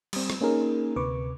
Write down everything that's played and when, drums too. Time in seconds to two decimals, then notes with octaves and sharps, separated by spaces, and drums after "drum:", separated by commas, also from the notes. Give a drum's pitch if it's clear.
0.13 G3 C4, drum: cymbal
0.30 drum: rim click
0.41 A#3 C#4 D#4 G#4 A#4
0.96 D2 C3 B4 C#6 D6